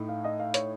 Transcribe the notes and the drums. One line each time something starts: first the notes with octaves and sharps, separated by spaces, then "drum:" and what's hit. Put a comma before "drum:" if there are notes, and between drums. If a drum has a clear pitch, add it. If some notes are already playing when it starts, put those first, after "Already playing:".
Already playing: A2 A3 D#4
F5
D#5
F5
C#5, drum: hi-hat